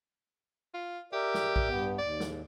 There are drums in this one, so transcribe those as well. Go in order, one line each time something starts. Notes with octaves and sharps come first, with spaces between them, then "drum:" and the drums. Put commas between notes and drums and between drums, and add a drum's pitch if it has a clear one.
F4
G4 A#4 D5 E5
drum: snare
drum: kick A#1
G2 B3
D#2 D5
drum: snare